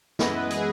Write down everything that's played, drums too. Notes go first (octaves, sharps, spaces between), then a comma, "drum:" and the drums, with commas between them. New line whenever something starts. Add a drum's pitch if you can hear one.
F#2 E3 G#3 B3 E4 D#5, drum: snare
B4
G#4, drum: hi-hat